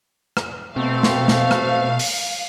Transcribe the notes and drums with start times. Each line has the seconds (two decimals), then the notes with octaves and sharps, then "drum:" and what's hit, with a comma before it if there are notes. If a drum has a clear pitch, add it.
0.37 drum: rim click
0.76 B2 A3 C4 F5
1.03 drum: snare
1.28 drum: snare
1.51 drum: rim click
1.99 drum: open hi-hat